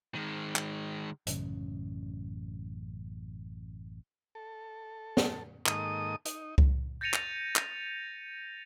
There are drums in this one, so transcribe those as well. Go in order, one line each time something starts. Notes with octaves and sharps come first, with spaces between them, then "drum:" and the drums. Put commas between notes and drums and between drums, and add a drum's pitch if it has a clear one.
D#3 G#3
drum: clap
A1 F#2 C#3, drum: hi-hat
A4
drum: snare
G#2 D#3 A#3 A4 D#5 D#6, drum: clap
D#4, drum: hi-hat
drum: kick C2
G6 A6 A#6 C#7 D#7 F7
drum: clap
drum: clap